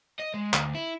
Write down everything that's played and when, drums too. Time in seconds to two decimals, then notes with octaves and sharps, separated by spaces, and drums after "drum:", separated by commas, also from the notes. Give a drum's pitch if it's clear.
0.20 D#5
0.34 G#3
0.54 D2, drum: clap
0.75 E4